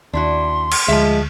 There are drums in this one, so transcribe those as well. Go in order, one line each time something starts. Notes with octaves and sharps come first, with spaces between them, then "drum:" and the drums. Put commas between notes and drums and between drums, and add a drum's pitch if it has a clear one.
D#2 D4 E4 F#4 C6
drum: cymbal
D2 F3 G#3 E5